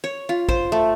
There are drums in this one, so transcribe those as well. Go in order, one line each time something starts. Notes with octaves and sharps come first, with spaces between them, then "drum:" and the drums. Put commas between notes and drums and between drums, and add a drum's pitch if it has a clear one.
C#5
F4
C5, drum: kick
A3